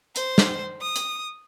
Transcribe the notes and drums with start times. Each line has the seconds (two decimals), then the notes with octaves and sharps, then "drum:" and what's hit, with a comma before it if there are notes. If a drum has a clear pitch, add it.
0.16 C5, drum: hi-hat
0.38 drum: snare
0.81 D#6
0.96 drum: hi-hat